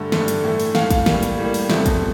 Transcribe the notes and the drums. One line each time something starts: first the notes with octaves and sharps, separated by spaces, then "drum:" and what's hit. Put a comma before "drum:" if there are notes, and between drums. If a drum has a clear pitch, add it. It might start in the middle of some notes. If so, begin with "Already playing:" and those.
Already playing: G2 D3 A3
G2 D3 A3, drum: snare
drum: hi-hat
A2 E3 A3
drum: open hi-hat
A2 E3 A3 F5, drum: snare
F5, drum: kick, hi-hat
A2 G3 A#3, drum: snare
drum: hi-hat
A2 G3 A#3
drum: open hi-hat
E2 C3 F3 A3 E5, drum: snare
drum: kick, hi-hat